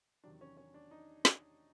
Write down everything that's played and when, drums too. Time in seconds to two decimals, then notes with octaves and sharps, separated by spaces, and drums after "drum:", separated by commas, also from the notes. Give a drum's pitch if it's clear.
0.24 E2 C3 D#3 F#3 D4
0.41 C#4
0.57 C#4
0.74 D4
0.91 D#4
1.25 drum: snare